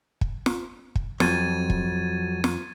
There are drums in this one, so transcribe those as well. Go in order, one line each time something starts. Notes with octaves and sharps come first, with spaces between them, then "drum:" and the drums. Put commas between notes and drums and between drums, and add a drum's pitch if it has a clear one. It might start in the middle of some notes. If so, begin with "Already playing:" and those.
drum: kick
drum: snare
drum: kick
F2 F#3 G#6 A6 D#7, drum: snare
drum: kick
drum: snare